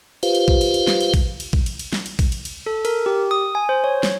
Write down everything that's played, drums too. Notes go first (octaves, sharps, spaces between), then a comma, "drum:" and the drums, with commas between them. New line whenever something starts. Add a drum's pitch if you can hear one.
F4 G4 B4 C5 F5, drum: cymbal
drum: cymbal
drum: kick
drum: cymbal
drum: cymbal
drum: snare
drum: cymbal
drum: kick, cymbal
drum: cymbal
drum: kick
drum: cymbal
drum: cymbal
drum: snare
drum: cymbal
drum: kick, cymbal
drum: cymbal
drum: cymbal
A4
A#4, drum: cymbal
G4
D#6
G#5
C5
C#5
drum: snare